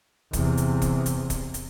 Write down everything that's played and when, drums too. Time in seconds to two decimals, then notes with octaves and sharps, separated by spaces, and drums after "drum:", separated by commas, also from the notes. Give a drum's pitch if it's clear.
0.33 E2 C3, drum: kick, hi-hat
0.57 drum: hi-hat
0.82 drum: kick, hi-hat
1.06 drum: hi-hat
1.30 drum: kick, hi-hat
1.54 drum: hi-hat